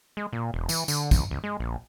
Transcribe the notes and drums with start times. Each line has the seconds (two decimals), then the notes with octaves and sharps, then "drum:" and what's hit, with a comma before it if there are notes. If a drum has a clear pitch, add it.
0.17 G#3
0.33 A#2
0.54 E1
0.69 E3, drum: tambourine
0.88 D3, drum: tambourine
1.11 C#2, drum: kick, tambourine
1.31 C#2
1.44 G#3
1.60 A#1